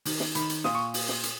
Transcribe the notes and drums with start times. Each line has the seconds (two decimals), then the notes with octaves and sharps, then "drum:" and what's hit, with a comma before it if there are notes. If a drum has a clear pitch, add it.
0.05 D#3, drum: open hi-hat
0.20 drum: snare
0.35 D#3 B5, drum: hi-hat
0.50 drum: hi-hat
0.64 A#2 D#6, drum: snare
0.75 C#6
0.94 drum: open hi-hat
1.09 drum: snare
1.23 drum: hi-hat